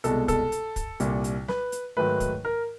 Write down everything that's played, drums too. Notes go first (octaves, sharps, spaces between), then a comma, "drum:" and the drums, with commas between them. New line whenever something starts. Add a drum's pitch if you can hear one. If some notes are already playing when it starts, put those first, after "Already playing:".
C2 B2 G#3 A4, drum: hi-hat
A4, drum: kick, hi-hat
drum: hi-hat
drum: kick, hi-hat
C2 A#2 G3, drum: hi-hat
drum: hi-hat
B4, drum: snare
drum: hi-hat
G#2 D#3 F#3 A3 B4
drum: kick, hi-hat
A#4